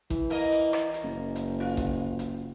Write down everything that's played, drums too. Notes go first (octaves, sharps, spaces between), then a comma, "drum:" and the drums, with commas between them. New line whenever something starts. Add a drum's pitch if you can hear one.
E3, drum: kick A1, hi-hat
A#3 A#4 D#5, drum: hi-hat
drum: hi-hat
drum: rim click
drum: hi-hat
F#1
drum: hi-hat
F4
drum: kick A1, hi-hat
drum: hi-hat